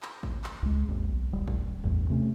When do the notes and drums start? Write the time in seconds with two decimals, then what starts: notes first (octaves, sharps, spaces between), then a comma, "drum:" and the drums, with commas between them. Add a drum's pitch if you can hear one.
0.02 drum: clap
0.23 drum: kick G#1
0.44 drum: clap
0.63 C#2 G#3
0.88 G#1 D#2
1.08 B1
1.32 D#1 G3
1.48 drum: kick G#1
1.84 A1 E2 G2
2.10 C3 A3 C#4